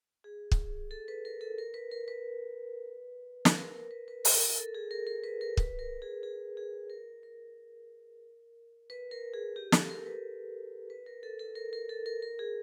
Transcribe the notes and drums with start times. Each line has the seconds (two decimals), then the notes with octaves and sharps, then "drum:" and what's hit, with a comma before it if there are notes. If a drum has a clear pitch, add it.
0.24 G#4
0.52 drum: kick
0.91 A4
1.08 B4
1.25 A#4
1.41 A4
1.58 A#4
1.74 B4
1.91 A#4
2.08 B4
3.45 drum: snare
3.57 A#4
3.74 A#4
3.91 B4
4.08 B4
4.25 A#4, drum: open hi-hat
4.41 A#4
4.58 A4
4.75 G#4
4.91 A#4
5.07 A#4
5.24 B4
5.41 A#4
5.57 B4, drum: kick
5.79 A#4
6.02 G#4
6.23 G#4
6.57 G#4
6.90 A#4
7.23 A#4
8.90 B4
9.11 A#4
9.34 G#4
9.56 G4
9.72 A4, drum: snare
9.90 A#4
10.06 B4
10.90 B4
11.06 A#4
11.23 A4
11.39 A4
11.55 A#4
11.73 A#4
11.89 A4
12.06 A#4
12.22 A#4
12.39 G#4